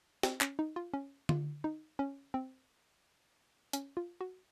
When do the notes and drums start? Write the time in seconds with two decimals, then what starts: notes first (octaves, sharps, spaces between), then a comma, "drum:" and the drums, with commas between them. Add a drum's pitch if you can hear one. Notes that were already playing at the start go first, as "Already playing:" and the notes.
0.23 C4, drum: snare
0.41 C#4, drum: clap
0.59 D#4
0.76 F4
0.94 C#4
1.29 F4, drum: tom D3
1.64 D#4
1.99 C#4
2.34 C4
3.73 C#4, drum: hi-hat
3.97 F4
4.21 F#4